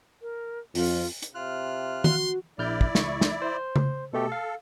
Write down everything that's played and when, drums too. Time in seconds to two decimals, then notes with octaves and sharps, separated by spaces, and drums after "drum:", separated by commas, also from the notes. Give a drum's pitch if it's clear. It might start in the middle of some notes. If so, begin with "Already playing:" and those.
0.22 A#4
0.75 F2 F4, drum: open hi-hat
1.23 drum: hi-hat
1.35 C3 F4 F6 F#6
2.04 F#4 C6, drum: tom
2.58 A#1 E4 D5 F6 G6
2.81 drum: kick
2.95 C#2 C#6, drum: snare
3.21 drum: snare
3.42 C5
3.76 drum: tom C#3
4.13 B2 A3 G4 A4
4.32 F5